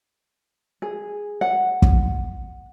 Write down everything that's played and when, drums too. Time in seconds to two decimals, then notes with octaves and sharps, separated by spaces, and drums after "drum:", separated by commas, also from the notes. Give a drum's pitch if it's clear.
0.82 G#4
1.41 F#5
1.82 drum: kick